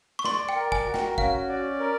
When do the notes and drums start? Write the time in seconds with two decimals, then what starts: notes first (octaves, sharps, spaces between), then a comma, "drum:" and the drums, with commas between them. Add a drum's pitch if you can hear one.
0.19 C#6
0.24 D5 C6, drum: snare
0.49 G5
0.55 A#4
0.72 G#5, drum: kick
0.87 F#4
0.94 G5, drum: snare
1.18 C#4 F5, drum: kick
1.49 D5
1.80 A#4